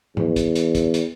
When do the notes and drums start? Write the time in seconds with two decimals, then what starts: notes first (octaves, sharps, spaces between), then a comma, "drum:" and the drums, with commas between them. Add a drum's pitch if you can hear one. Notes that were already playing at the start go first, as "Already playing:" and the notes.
0.17 E2, drum: tom
0.36 drum: kick, hi-hat
0.56 drum: hi-hat
0.75 drum: kick, hi-hat
0.94 drum: hi-hat